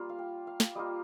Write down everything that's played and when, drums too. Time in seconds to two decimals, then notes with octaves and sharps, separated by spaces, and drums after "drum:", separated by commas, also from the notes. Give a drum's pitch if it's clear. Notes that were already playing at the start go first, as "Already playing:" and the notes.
Already playing: G3 A#3 F4
0.09 F5
0.19 G5
0.47 F5
0.60 drum: snare
0.75 G3 A#3 F4 D#5